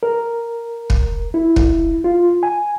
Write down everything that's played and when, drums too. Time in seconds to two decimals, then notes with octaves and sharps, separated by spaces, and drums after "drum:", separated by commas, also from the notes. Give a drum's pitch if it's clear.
0.03 A#4
0.90 drum: kick
1.34 E4
1.56 drum: kick
2.04 F4
2.43 G#5